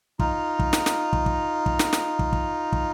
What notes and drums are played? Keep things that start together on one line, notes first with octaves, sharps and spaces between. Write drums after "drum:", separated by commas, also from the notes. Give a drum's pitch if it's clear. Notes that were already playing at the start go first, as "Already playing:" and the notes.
D#4 F4, drum: kick
drum: kick
drum: snare
drum: snare
drum: kick
drum: kick
drum: kick
drum: snare
drum: snare
drum: kick
drum: kick
drum: kick